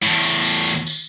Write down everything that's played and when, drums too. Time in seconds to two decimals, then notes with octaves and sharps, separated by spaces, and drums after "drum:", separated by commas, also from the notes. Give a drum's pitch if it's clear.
0.02 E2 A2, drum: tambourine
0.23 drum: tambourine
0.44 drum: tambourine
0.65 drum: tambourine
0.87 drum: tambourine